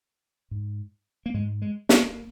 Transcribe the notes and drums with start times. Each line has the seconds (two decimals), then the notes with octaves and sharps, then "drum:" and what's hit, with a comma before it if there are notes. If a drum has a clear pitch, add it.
0.51 G#2
1.26 A#3
1.34 G#2 G#3
1.62 G#3
1.89 A#3, drum: snare